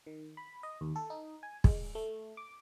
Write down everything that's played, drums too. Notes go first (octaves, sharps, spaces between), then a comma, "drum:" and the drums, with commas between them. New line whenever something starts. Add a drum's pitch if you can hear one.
D#3
B5
D#5
D#2
A4
D#4
G#5
G#3, drum: kick
A3
D6